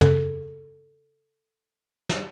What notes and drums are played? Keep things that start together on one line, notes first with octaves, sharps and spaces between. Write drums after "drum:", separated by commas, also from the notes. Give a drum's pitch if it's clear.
C#3 A4, drum: tom
drum: snare